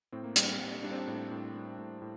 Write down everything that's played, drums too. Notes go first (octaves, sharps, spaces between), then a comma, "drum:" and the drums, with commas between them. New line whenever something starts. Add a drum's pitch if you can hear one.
A2 C4
A#3
G3 C4, drum: hi-hat
C4
G3
G3 D4
C4
D4
A2
A2
G3
A2
A2